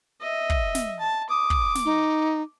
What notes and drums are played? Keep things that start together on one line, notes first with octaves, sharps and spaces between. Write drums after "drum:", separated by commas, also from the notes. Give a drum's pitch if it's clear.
D#5 E5
drum: kick
drum: snare
A5
D6 D#6
drum: kick
drum: snare
D#4